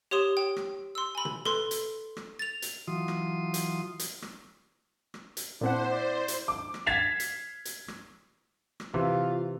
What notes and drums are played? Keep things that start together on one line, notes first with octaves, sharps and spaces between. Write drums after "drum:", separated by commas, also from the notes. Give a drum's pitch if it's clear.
G4 C#5 C6 D#6 E7
G5
drum: rim click
C6 E6
G#5 B5
drum: tom B2
A4 B4 C6, drum: rim click
drum: hi-hat
drum: rim click
A6 F7
drum: hi-hat
E3 F#3 F4 C6 D#6
drum: rim click
drum: hi-hat
drum: hi-hat
drum: rim click
drum: rim click
drum: hi-hat
A#2 C4 D4 E4 C5 F#5
D5
drum: hi-hat
D6
drum: rim click
G#6 A6 B6 C7 E7 F7
drum: hi-hat
drum: hi-hat
drum: rim click
drum: rim click
C3 E3 F4